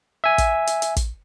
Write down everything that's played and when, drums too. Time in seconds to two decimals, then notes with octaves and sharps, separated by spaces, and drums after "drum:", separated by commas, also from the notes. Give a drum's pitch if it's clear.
0.24 E5 G#5
0.38 drum: kick, hi-hat
0.67 drum: hi-hat
0.82 drum: hi-hat
0.96 drum: kick, hi-hat